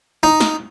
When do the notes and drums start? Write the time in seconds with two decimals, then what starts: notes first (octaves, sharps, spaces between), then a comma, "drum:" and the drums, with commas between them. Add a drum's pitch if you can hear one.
0.23 D#4
0.40 drum: snare